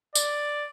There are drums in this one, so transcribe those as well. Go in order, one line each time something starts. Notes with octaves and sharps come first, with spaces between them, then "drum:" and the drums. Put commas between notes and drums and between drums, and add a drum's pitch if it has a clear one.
D5, drum: tambourine